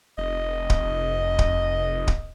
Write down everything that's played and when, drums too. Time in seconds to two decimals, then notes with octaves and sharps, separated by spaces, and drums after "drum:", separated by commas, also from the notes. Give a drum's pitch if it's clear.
0.18 F1 D#5
0.70 drum: kick
1.39 drum: kick
2.08 drum: kick